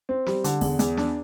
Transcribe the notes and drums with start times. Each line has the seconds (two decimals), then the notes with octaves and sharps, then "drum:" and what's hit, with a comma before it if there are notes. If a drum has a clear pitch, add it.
0.09 C4
0.26 G3, drum: snare
0.44 D3, drum: hi-hat
0.61 E2, drum: kick, open hi-hat
0.79 E2, drum: hi-hat
0.97 D4, drum: snare